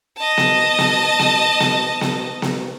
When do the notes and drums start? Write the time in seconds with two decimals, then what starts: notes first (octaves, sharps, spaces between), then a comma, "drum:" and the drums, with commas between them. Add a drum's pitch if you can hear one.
0.17 D#5 A5
0.38 drum: snare B3
0.78 drum: snare B3
1.19 drum: snare B3
1.60 drum: snare B3
2.01 drum: snare B3
2.42 drum: snare B3